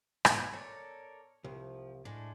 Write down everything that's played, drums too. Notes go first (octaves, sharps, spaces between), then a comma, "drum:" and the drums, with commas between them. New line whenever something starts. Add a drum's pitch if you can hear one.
G#2 B2, drum: rim click
A4 A#4 C#5 D5
C2 F3
A2 G#3 A3 D4